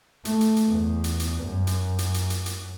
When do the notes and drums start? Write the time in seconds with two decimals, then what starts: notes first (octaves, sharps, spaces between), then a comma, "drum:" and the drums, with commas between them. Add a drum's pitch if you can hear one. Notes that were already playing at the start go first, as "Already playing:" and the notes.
0.25 A3, drum: hi-hat
0.41 drum: hi-hat
0.57 drum: hi-hat
0.69 E2
1.04 drum: hi-hat
1.20 drum: hi-hat
1.43 F#2
1.67 drum: hi-hat
1.99 drum: hi-hat
2.14 drum: hi-hat
2.30 drum: hi-hat
2.46 drum: hi-hat